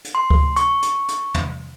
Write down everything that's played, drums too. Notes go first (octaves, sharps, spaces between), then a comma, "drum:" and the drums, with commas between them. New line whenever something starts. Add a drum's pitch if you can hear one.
drum: hi-hat
C6
drum: kick C#2
C#6, drum: hi-hat
drum: hi-hat
drum: hi-hat
drum: tom